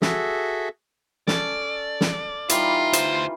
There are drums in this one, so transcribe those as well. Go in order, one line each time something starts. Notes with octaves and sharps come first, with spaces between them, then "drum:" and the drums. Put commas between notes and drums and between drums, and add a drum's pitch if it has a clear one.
F#4 G#4 A4 E5, drum: snare
C#4 A4 D5, drum: snare
drum: snare
E3 G3 D#4 F4, drum: hi-hat
D2 C5, drum: hi-hat